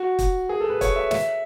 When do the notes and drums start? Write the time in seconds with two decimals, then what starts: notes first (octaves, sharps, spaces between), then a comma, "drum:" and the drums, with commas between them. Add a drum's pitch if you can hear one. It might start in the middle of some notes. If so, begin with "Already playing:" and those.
Already playing: F#4
0.19 drum: kick, hi-hat
0.49 G#4
0.60 A4
0.70 B4
0.81 C#5, drum: kick, hi-hat
0.96 E5
1.11 E5, drum: snare